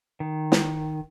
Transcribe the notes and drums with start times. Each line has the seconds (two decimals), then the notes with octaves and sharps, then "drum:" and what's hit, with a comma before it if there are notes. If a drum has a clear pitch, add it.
0.20 D#3
0.52 drum: snare